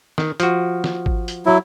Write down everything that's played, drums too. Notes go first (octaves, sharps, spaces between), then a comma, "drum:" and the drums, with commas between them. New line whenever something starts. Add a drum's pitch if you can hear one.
D#3, drum: snare
F3 F#4, drum: hi-hat
drum: snare
drum: kick G#1
drum: hi-hat
F#3 E4